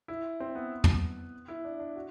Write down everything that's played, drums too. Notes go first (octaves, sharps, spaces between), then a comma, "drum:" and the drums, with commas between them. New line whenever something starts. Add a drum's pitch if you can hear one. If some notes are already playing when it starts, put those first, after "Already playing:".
E4
C4
B3
drum: tom
E4
D4
D4
F#4